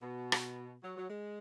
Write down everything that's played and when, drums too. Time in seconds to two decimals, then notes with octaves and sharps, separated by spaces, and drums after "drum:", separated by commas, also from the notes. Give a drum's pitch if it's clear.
0.02 B2
0.32 drum: rim click
0.83 F#3
0.97 F#3
1.10 G#3